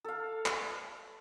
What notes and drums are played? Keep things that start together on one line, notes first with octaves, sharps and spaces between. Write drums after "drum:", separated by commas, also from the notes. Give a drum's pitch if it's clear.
A4 F5
drum: clap